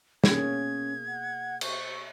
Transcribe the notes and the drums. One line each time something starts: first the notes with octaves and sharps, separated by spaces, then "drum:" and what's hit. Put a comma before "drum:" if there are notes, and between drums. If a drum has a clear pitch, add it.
B2 A#3 C#4 G#4 G#6, drum: snare
F#5
C5 C#6, drum: cymbal